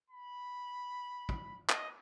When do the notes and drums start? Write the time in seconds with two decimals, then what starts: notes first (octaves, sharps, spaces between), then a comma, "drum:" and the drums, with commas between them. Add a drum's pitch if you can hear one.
0.10 B5
1.29 drum: kick
1.69 D#5, drum: clap